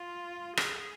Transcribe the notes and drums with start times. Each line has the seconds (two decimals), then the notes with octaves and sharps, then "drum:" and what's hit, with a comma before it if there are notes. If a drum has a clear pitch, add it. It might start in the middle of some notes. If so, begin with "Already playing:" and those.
Already playing: F4
0.57 G#4, drum: rim click